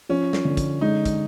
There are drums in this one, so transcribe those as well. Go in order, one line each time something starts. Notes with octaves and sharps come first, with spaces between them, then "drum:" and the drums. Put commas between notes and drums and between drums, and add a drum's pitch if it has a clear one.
F3 C#4
drum: snare
D3
drum: kick, hi-hat
G#3 D#4
drum: kick, hi-hat